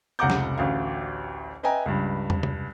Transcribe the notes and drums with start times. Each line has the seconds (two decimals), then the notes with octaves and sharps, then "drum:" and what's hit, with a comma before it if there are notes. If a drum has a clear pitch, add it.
0.19 F1 C#2 F#5 A#5 D6 G6
0.30 drum: snare
0.57 A1 D2 F5
1.63 B4 D#5 E5 G5 G#5 A#5
1.86 C#2 G2
2.30 drum: tom
2.43 drum: tom